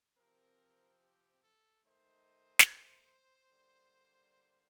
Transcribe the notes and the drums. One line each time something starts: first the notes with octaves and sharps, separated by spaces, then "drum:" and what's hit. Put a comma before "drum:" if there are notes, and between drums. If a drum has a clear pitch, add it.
C3 F3 C4 A#4
G4
A4
D#3 A3 D#4 C5
drum: snare
D3 G3 A#3